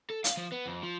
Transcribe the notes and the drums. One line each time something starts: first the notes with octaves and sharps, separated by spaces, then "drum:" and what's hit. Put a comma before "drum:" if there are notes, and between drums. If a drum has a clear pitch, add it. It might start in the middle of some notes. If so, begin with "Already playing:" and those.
A4
F5, drum: hi-hat
F3
B3
F2
F3